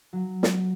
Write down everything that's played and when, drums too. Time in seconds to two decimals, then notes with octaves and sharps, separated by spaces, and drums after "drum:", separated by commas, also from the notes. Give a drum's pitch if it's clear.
0.13 F#3
0.43 drum: snare